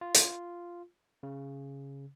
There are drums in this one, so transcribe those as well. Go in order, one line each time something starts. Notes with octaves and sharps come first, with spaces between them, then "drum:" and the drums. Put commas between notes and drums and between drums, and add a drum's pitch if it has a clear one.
F4
drum: hi-hat
C#3